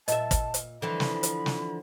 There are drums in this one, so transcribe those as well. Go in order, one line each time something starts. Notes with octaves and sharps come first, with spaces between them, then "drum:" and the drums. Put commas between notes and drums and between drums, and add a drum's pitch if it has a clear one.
A#2 D#5 E5 A5, drum: hi-hat
drum: kick, hi-hat
drum: hi-hat
D3 E3 F3 B5
drum: snare
drum: hi-hat
drum: snare